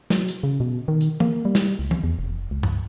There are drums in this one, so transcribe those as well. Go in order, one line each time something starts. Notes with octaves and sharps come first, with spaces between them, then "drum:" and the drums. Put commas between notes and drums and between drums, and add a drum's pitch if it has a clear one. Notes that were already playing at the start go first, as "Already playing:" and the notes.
F#3, drum: snare
drum: hi-hat
C#3
B2
D#3
drum: hi-hat
A#3, drum: tom E3
G3
drum: snare
C#2
drum: tom E3
E2
F1
C#2
drum: tom G2